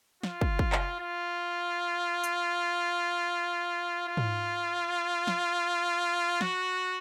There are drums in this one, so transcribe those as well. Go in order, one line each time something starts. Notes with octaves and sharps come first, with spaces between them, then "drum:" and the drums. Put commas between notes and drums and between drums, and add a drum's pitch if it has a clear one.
F4, drum: snare
drum: kick
drum: kick
drum: clap
F4
drum: hi-hat
F4
drum: tom G#2
drum: snare
F#4, drum: snare